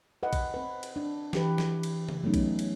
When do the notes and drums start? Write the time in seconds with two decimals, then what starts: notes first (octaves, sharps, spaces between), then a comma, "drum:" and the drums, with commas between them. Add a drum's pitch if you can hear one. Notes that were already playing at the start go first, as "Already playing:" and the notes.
0.23 B4 D#5 F#5
0.33 drum: kick, cymbal
0.54 C4 B4
0.83 drum: cymbal
0.96 D4
1.33 E3 G4 B4, drum: snare
1.58 drum: snare
1.83 drum: cymbal
2.09 drum: tom C#3
2.24 F#3 A3 B3 C#4 D#4
2.34 drum: kick, cymbal
2.59 drum: cymbal